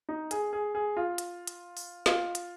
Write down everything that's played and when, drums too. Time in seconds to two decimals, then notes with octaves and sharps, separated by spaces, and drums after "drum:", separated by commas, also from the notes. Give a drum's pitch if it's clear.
0.09 D#4
0.31 G#4, drum: hi-hat
0.53 G#4
0.75 G#4
0.97 F4
1.18 drum: hi-hat
1.47 drum: hi-hat
1.77 drum: open hi-hat
2.06 F4, drum: snare
2.35 drum: hi-hat